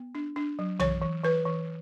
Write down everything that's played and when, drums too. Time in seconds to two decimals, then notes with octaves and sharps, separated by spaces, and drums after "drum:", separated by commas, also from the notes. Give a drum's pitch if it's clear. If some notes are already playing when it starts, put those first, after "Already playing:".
Already playing: B3
0.15 D4
0.36 D4
0.59 F#3
0.80 E3 C#5, drum: tom B1
1.01 E3
1.24 E3 B4
1.46 E3